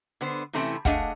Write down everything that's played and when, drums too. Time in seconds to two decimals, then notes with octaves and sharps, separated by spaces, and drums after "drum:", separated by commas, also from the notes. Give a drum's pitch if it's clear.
0.21 D3 B3 C5
0.53 C3 E3 A3 C4 C#4 E4
0.85 A3 D4 G#4 D#5 F5 F#5, drum: kick, hi-hat